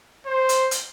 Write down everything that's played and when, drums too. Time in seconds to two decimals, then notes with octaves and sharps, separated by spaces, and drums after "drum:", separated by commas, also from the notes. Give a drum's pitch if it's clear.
0.26 C5
0.49 drum: hi-hat
0.71 drum: hi-hat